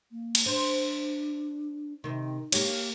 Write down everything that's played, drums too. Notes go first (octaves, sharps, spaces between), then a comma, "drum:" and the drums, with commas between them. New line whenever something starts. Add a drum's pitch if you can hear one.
A#3
drum: cymbal
D4 C5
C3 D#3 D#4
A#3 G4 C#5, drum: cymbal